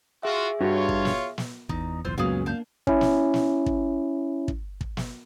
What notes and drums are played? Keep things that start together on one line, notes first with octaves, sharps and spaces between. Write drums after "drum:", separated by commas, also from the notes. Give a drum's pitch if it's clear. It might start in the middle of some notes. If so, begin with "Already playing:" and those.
F4 F#4 G#4 E5
G2 F4 F#4 C#5
drum: kick
drum: snare
drum: snare
E2 D#4, drum: kick
F#1 B1 E2 F4 C5 E6
C#2 F#2 A#2 F#3 B3 G#4 F5
A#3 D4 F5 A5 G6
C#4 E4, drum: kick
drum: snare
drum: snare
drum: kick
drum: kick
drum: kick
drum: snare